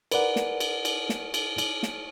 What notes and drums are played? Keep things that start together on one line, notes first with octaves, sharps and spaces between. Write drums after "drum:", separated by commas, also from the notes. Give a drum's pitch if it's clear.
A#4 B4 D5 F#5, drum: cymbal
drum: snare
drum: cymbal
drum: cymbal
drum: snare
drum: cymbal
drum: cymbal
drum: snare